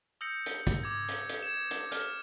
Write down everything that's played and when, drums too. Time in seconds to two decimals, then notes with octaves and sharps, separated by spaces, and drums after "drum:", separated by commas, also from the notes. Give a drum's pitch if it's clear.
0.21 D#6 E6 G6 A#6 C#7
0.46 drum: hi-hat
0.67 drum: kick, hi-hat
0.83 D6 G#6
1.08 drum: hi-hat
1.29 drum: hi-hat
1.43 G#6 E7
1.71 drum: hi-hat
1.91 F6, drum: hi-hat